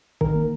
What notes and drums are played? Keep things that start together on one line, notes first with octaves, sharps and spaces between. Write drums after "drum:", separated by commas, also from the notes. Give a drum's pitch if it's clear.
D#3 A#4, drum: kick
A#3